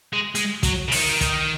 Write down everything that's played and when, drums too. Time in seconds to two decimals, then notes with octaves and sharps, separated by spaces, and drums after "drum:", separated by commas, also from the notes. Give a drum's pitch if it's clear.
0.13 G#3
0.35 G#3, drum: hi-hat
0.63 F#3, drum: kick, hi-hat
0.88 C#3
0.92 D#3, drum: open hi-hat
1.21 drum: kick, hi-hat